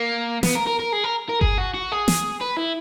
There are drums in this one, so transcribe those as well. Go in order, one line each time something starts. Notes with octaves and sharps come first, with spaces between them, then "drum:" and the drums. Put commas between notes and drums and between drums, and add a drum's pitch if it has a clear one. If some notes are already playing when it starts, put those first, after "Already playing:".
Already playing: A#3
B3, drum: snare
A#4
A#4
A#4
G#4
A#4
A#4
G#4, drum: kick G1
F#4
F#4
G#4
drum: snare
B4
E4